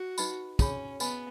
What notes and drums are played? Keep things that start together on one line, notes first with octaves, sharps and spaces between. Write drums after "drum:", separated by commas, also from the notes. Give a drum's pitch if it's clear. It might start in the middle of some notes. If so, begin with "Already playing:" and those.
Already playing: F#4
D#4 B4 D#5 B5, drum: tambourine
C#4 G#4 C#5 B5, drum: kick, tambourine
B3 B4 D#5 G#5 B5, drum: tambourine